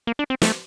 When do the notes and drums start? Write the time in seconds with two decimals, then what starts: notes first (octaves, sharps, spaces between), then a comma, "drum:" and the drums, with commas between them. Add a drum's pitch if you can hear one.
0.07 A#3
0.19 D4
0.30 C4
0.42 A3, drum: snare